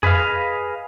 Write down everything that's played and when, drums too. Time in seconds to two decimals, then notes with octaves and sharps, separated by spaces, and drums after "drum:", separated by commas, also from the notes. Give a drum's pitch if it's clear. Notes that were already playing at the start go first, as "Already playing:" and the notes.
0.03 G#4 B4 D#5 F5, drum: tom E2